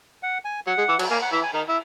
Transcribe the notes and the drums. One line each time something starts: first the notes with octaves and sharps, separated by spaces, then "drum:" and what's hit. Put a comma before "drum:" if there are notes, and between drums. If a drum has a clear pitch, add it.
F#5
G#5
F#3 F#5
G#3
E3
F#3, drum: cymbal
A#3 G#5
F#5
E3 E4 E5
G#5
D#3 D#4
E4